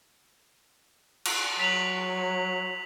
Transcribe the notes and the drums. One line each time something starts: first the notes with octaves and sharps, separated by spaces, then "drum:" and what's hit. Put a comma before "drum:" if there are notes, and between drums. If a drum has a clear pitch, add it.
drum: cymbal
F#3 B6 F7 F#7